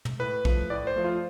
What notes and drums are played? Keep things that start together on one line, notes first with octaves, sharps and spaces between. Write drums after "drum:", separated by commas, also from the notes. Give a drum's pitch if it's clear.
drum: tom
A2 B4
F3 A3, drum: kick
A2 D5
C5
F3 A3
F4